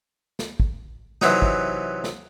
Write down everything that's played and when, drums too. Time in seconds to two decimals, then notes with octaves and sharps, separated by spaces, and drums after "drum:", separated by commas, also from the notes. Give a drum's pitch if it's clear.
0.39 drum: snare
0.60 drum: kick
1.21 C3 E3 F#3 D#4, drum: snare
1.42 drum: kick
2.04 drum: snare